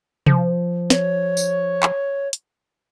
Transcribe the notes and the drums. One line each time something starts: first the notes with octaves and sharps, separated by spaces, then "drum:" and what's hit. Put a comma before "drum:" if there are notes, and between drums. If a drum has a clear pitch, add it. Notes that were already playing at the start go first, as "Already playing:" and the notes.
F3, drum: tom C3
C#5, drum: snare
drum: tambourine
drum: clap
drum: hi-hat